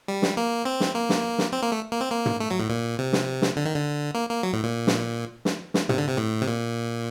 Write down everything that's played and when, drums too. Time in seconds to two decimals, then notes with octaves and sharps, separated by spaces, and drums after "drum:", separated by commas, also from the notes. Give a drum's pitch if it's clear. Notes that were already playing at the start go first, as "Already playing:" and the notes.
0.08 G3
0.22 drum: snare
0.37 A#3
0.65 C4
0.80 drum: snare
0.95 A#3
1.09 drum: snare
1.38 drum: snare
1.53 C4
1.62 A#3
1.72 A3
1.92 A#3
2.01 C4
2.11 A#3
2.26 drum: tom
2.40 A3
2.50 F#3
2.59 A2
2.70 A#2
2.99 C3
3.13 drum: snare
3.42 drum: snare
3.56 D3
3.65 D#3
3.76 D3
4.15 A#3
4.29 A#3
4.43 F#3
4.53 A2
4.63 A#2
4.87 drum: snare
5.45 drum: snare
5.74 drum: snare
5.89 C3, drum: tom
5.98 D3
6.09 C3
6.17 A2
6.42 C3
6.47 A#2